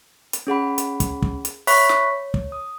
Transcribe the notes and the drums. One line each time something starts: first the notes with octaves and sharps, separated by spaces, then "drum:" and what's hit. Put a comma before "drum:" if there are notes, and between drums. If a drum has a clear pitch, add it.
drum: hi-hat
C#4 G#4 F#5 B5
drum: hi-hat
drum: kick, hi-hat
drum: kick
drum: hi-hat
C#5 E5 B5 C#6 F#6 B6, drum: open hi-hat
drum: snare
C#5
drum: kick
D#6